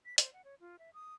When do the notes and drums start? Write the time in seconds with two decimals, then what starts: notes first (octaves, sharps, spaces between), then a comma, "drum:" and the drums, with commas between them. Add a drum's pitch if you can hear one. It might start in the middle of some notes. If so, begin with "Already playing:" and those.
0.05 B6
0.18 C5, drum: hi-hat
0.33 F#5
0.45 C#5
0.60 F4
0.79 E5
0.94 D#6